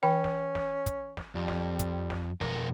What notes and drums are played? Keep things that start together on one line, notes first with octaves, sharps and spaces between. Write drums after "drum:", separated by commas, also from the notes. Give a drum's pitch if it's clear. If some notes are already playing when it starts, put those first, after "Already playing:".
E3 C#4 G5
drum: snare
drum: snare
drum: kick, hi-hat
drum: snare
F2 G3
drum: snare
drum: kick, hi-hat
drum: snare
F2 B2 A#4, drum: snare